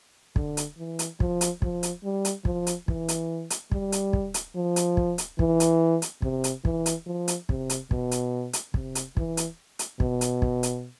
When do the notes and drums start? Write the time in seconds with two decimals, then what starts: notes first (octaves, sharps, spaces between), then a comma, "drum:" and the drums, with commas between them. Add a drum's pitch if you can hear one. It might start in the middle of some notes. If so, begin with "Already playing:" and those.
0.36 D3, drum: kick
0.57 drum: hi-hat
0.78 E3
0.99 drum: hi-hat
1.20 F3, drum: kick
1.41 drum: hi-hat
1.62 F3, drum: kick
1.83 drum: hi-hat
2.04 G3
2.25 drum: hi-hat
2.45 F3, drum: kick
2.67 drum: hi-hat
2.88 E3, drum: kick
3.08 drum: hi-hat
3.50 drum: hi-hat
3.72 G3, drum: kick
3.92 drum: hi-hat
4.13 drum: kick
4.34 drum: hi-hat
4.56 F3
4.76 drum: hi-hat
4.97 drum: kick
5.18 drum: hi-hat
5.39 E3, drum: kick
5.60 drum: hi-hat
6.02 drum: hi-hat
6.22 C3, drum: kick
6.44 drum: hi-hat
6.65 E3, drum: kick
6.86 drum: hi-hat
7.06 F3
7.28 drum: hi-hat
7.49 C3, drum: kick
7.70 drum: hi-hat
7.91 B2, drum: kick
8.11 drum: hi-hat
8.53 drum: hi-hat
8.74 C3, drum: kick
8.95 drum: hi-hat
9.17 E3, drum: kick
9.37 drum: hi-hat
9.79 drum: hi-hat
10.00 B2, drum: kick
10.21 drum: hi-hat
10.42 drum: kick
10.63 drum: hi-hat